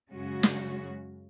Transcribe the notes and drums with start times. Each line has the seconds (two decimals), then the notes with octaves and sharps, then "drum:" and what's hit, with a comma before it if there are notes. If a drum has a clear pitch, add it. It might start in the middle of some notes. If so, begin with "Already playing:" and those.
0.12 F#2 C#3 G#3 C#4 F#4
0.43 drum: snare